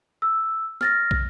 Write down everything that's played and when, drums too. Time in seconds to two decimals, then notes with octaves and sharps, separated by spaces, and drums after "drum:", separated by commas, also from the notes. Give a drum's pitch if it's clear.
0.22 E6
0.81 F6 A6 A#6, drum: snare
1.11 drum: kick